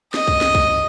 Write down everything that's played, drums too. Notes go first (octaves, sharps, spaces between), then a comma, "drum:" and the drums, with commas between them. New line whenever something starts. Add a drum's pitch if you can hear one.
D#5, drum: snare
drum: kick
drum: snare
drum: kick